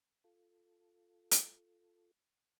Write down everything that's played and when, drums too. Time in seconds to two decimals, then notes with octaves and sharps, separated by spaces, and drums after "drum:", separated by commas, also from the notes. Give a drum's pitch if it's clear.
0.24 F4 A4
1.31 drum: hi-hat